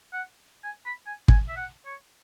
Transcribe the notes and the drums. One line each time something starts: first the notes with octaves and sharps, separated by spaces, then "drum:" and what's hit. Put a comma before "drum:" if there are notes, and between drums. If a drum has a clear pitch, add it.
F#5
G#5
B5
G#5
G#5, drum: kick
E5
F#5
C#5